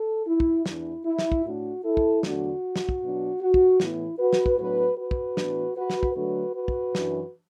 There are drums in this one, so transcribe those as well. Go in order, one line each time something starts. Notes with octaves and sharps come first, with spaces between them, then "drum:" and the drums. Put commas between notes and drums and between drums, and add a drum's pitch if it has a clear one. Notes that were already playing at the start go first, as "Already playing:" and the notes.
Already playing: A4
E4
drum: kick
E2 E3 D4 E4, drum: snare
E4
drum: snare
drum: kick
A2 A3 D4 F#4
E4 A4
drum: kick
E2 D3 F#3 A3 D4 F#4, drum: snare
drum: snare
drum: kick
B2 F#3 B3 D4
F#4
drum: kick
A2 E3 B3 E4, drum: snare
F#4 B4
drum: snare
drum: kick
A2 F#3 B3 D4 F#4 B4
F#4 B4
drum: kick
A2 E3 B3 D4, drum: snare
F#4 B4
drum: snare
drum: kick
D3 F#3 A3 D4 F#4 B4
F#4 B4
drum: kick
F#2 E3 D4, drum: snare